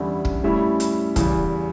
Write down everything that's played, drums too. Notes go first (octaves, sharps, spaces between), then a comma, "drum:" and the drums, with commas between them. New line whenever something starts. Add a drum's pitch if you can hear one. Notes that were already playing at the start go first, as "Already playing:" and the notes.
Already playing: E2 D3 G3 C#4 E4
drum: kick
A2 G3 C#4 E4
drum: hi-hat
E2 C#3 G3, drum: kick, hi-hat